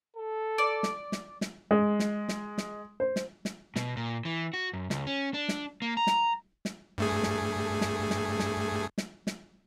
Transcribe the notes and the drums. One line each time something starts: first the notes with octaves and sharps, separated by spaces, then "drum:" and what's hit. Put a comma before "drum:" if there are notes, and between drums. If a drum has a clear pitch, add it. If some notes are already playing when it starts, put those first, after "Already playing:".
A4
D5
drum: snare
drum: snare
drum: snare
G#3
drum: snare
drum: snare
drum: snare
C5
drum: snare
drum: snare
B2, drum: snare
A#2
E3
F#4
F#2
C#2, drum: snare
C#4
D4
drum: snare
A#3
A#5
drum: snare
drum: snare
G2 A3 G#4
drum: snare
drum: snare
drum: snare
drum: snare
drum: snare
drum: snare